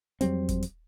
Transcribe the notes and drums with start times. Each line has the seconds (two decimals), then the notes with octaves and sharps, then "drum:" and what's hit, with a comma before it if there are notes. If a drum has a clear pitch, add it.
0.21 F2 F#3 G3 C4, drum: hi-hat
0.49 drum: kick F#1, hi-hat
0.62 drum: hi-hat